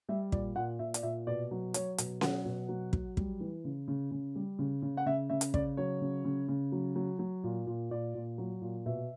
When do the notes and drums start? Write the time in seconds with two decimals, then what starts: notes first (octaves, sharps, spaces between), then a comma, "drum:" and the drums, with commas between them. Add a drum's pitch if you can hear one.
0.09 G3 E5
0.32 A#2 D5, drum: kick
0.56 A#2 F#5
0.79 A#2 E5
0.94 D5, drum: hi-hat
1.03 A#2 E5
1.27 B2 D5
1.51 F#3
1.74 F#3 C#5, drum: hi-hat
1.98 B2, drum: hi-hat
2.21 F#3 F#5, drum: snare C#4
2.45 B2
2.69 F#3
2.93 F#3, drum: kick
3.17 G3, drum: kick
3.40 E3
3.64 C#3
3.88 C#3
4.11 C#3
4.36 G3
4.59 C#3
4.82 C#3
4.97 F#5
5.06 C#3 E5
5.30 C#3 E5
5.41 drum: hi-hat
5.54 C#3 D5, drum: kick
5.77 F#3 C#5
6.01 C#3
6.25 C#3
6.49 C#3
6.72 F#3
6.96 F#3
7.19 F#3
7.44 A#2
7.67 A#2
7.91 A#2 D5
8.15 A#2
8.38 F#3
8.62 A#2
8.86 B2 E5